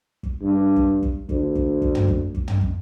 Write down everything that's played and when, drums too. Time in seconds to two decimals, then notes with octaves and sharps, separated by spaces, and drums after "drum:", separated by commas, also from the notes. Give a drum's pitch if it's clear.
0.23 drum: kick
0.41 G2
0.76 drum: kick
1.02 drum: kick
1.29 D2, drum: kick
1.55 drum: kick
1.82 drum: kick
1.95 drum: tom
2.08 drum: kick
2.34 drum: kick
2.48 drum: tom
2.61 drum: kick